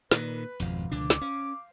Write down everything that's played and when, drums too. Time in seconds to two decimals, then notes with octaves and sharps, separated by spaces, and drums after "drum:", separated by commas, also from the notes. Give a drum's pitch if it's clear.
0.11 A#2 D#3 A#3 B4, drum: snare
0.60 G#1 F2 B2 F3 F5, drum: hi-hat
0.92 C#2 D3 D4 D6
1.10 drum: snare
1.21 C#4 C5 F5